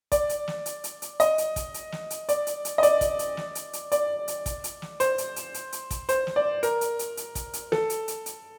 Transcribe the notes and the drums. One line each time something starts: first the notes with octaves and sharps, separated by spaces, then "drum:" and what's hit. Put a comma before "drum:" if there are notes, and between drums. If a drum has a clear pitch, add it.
D5, drum: kick, hi-hat
drum: hi-hat
drum: snare
drum: hi-hat
drum: hi-hat
drum: hi-hat
D#5, drum: hi-hat
drum: hi-hat
drum: kick, hi-hat
drum: hi-hat
drum: snare
drum: hi-hat
D5, drum: hi-hat
drum: hi-hat
drum: hi-hat
D#5
D5, drum: hi-hat
drum: kick, hi-hat
drum: hi-hat
drum: snare
drum: hi-hat
drum: hi-hat
D5, drum: hi-hat
drum: hi-hat
drum: kick, hi-hat
drum: hi-hat
drum: snare
C5, drum: hi-hat
drum: hi-hat
drum: hi-hat
drum: hi-hat
drum: hi-hat
drum: kick, hi-hat
C5, drum: hi-hat
drum: snare
D5
A#4, drum: hi-hat
drum: hi-hat
drum: hi-hat
drum: hi-hat
drum: kick, hi-hat
drum: hi-hat
A4, drum: snare
drum: hi-hat
drum: hi-hat
drum: hi-hat